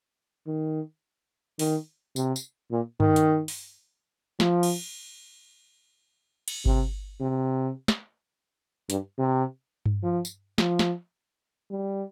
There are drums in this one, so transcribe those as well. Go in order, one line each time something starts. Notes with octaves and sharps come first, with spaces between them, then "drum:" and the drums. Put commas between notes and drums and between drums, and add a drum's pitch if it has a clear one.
D#3
D#3, drum: open hi-hat
C3, drum: tambourine
drum: tambourine
A#2
D#3, drum: tom G2
drum: hi-hat
drum: open hi-hat
F3, drum: snare
drum: cymbal
drum: cymbal
C3, drum: kick G1
C3
drum: snare
G2, drum: hi-hat
C3
drum: tom G2
F3
drum: tambourine
F3, drum: snare
drum: snare
G3